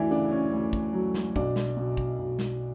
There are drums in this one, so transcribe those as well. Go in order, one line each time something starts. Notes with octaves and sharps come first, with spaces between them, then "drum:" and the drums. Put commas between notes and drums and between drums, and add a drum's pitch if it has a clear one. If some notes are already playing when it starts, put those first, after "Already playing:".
Already playing: D2 E3 D4 E4
C#3 D4
C#4
D2
drum: kick
F#3
drum: snare
B1 D4, drum: kick
drum: snare
B2
drum: kick
B1
drum: snare